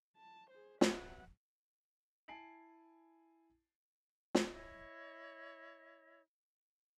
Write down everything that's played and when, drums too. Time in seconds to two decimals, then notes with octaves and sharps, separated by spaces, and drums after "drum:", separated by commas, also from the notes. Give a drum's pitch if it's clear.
0.17 A5
0.50 G#4 C5
0.81 C3 F#3 B3 E5 F#5, drum: snare
2.28 E4 G#5 A5 C7 D7 F#7
4.35 drum: snare
4.51 E4 C#5 D#5